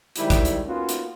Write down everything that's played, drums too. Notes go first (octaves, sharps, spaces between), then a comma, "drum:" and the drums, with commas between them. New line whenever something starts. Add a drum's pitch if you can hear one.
D#3 G3 G#3 C4 E4, drum: hi-hat
drum: kick, hi-hat
drum: hi-hat
A#3 B3 C#4 D#4 F4 F#4
drum: hi-hat